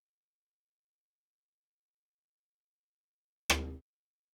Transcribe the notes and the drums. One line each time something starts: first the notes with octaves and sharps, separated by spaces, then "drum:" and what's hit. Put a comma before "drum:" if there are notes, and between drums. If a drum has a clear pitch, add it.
E3 G3 B3 E4 G4 B4
G4
A4
C5
D5
E5
E5
D5
E5
F#5
C5
D5
E5
D5
F#5
F#3 B3 D4 A4 C5 F#5
drum: rim click